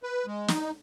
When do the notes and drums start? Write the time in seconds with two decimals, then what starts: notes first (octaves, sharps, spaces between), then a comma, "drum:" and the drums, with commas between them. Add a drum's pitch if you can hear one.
0.03 B4
0.26 G#3
0.48 D#4, drum: snare